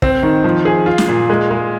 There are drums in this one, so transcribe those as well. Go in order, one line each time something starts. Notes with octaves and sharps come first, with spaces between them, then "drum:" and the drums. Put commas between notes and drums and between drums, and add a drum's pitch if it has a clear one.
C4, drum: kick
D#3
F3
G#4
F4
drum: snare
A#2
G#3
G#3